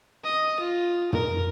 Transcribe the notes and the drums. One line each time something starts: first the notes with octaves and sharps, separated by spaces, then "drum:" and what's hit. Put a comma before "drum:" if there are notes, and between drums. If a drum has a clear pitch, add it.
D#5
F4
A#4, drum: tom